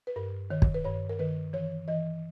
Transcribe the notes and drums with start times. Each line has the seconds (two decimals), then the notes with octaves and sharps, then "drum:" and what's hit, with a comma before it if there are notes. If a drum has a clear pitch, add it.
0.07 B4
0.16 G2 A#4
0.50 D#3 C#5
0.62 drum: kick
0.74 B4
0.84 G2 C#5
1.09 A#4
1.19 D#3 B4
1.53 E3 C#5
1.88 E3 D#5